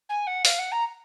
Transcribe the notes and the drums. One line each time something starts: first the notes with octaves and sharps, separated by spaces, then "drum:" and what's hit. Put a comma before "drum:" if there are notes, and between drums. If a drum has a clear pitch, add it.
G#5
F#5
F5, drum: open hi-hat
F#5
A#5